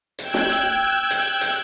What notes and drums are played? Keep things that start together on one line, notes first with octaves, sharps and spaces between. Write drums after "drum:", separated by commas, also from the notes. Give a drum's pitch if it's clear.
G5 E6 F#6 G#6, drum: hi-hat
drum: snare
drum: hi-hat
drum: hi-hat
drum: hi-hat